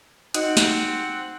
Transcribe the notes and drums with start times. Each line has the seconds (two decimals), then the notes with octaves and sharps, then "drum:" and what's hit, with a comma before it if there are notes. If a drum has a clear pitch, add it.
0.34 C4 D#4 F#4 D#5 F#5, drum: hi-hat
0.57 drum: snare